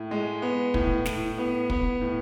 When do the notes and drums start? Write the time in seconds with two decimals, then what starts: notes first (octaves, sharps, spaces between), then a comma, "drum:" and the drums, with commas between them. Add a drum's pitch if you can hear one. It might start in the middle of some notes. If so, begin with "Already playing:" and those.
Already playing: A2
0.11 G#3
0.42 B3
0.74 A2, drum: kick
1.05 A2, drum: snare
1.38 B3
1.70 B3, drum: kick
2.01 A2